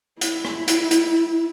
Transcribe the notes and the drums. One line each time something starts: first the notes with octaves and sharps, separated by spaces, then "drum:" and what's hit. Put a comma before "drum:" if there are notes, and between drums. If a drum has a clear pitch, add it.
E4, drum: hi-hat
drum: rim click
drum: hi-hat
drum: hi-hat